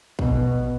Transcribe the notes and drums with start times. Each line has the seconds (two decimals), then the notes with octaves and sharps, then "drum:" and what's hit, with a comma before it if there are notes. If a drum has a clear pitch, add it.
0.19 B2, drum: kick